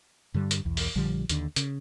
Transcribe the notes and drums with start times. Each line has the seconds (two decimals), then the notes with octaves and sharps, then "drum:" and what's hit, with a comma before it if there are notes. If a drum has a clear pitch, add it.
0.34 G2 D3 G3
0.51 drum: hi-hat
0.65 B1 E2
0.77 drum: open hi-hat
0.95 A#1 D3 F3 G3
1.29 D#2 D3, drum: hi-hat
1.56 C#3, drum: hi-hat